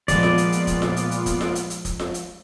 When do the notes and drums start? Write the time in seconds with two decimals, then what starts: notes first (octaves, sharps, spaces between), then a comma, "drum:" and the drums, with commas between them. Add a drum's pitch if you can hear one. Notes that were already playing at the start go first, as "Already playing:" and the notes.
0.08 A#2 F3 G#3 B3 F4 D5, drum: kick, hi-hat
0.23 drum: snare F4
0.38 drum: hi-hat
0.52 drum: hi-hat
0.67 drum: kick, hi-hat
0.82 drum: snare F4
0.97 drum: hi-hat
1.11 drum: hi-hat
1.26 drum: kick, hi-hat
1.41 drum: snare F4
1.55 drum: hi-hat
1.70 drum: hi-hat
1.85 drum: kick, hi-hat
1.99 drum: snare F4
2.14 drum: hi-hat